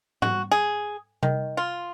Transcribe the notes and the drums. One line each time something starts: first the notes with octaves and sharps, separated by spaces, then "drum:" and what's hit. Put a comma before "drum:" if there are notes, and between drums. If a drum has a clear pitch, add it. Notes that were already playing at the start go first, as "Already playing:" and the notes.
F#4, drum: tom G#2
G#4
D#3, drum: tom C3
F4